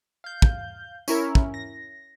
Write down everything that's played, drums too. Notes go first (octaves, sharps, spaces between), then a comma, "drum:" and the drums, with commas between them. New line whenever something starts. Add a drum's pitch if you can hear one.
F5 G6
drum: kick
C#4 E4 A#4 C#5, drum: tambourine
drum: kick
A#6